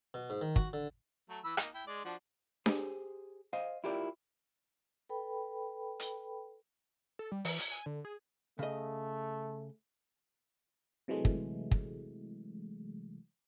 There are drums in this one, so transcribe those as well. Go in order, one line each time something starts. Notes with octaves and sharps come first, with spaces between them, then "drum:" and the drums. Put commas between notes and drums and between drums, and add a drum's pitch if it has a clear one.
B2
G#2
D#3
F#4, drum: kick
D3
F#3 A3
E3 B5 E6
A#3 D#4, drum: rim click
E4 G5
G#3 D5
F3 D4 F#4
G4 G#4 C5, drum: snare D4
C5 D#5 F5
E4 F4 G4 A#4 D5
A4 B4 G5 B5
drum: hi-hat
A4
G3
E3, drum: open hi-hat
G#6, drum: hi-hat
G#5
D3
G#4
C#3 A3 D#5
C3 E3 F#3 G#3 A3
drum: kick
drum: kick